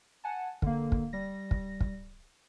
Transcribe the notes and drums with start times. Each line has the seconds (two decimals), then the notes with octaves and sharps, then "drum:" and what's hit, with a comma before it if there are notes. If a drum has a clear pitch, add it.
0.24 F#5 G#5 A5
0.62 D3 A#3, drum: kick
0.92 drum: kick
1.13 G3 A#6
1.51 drum: kick
1.81 drum: kick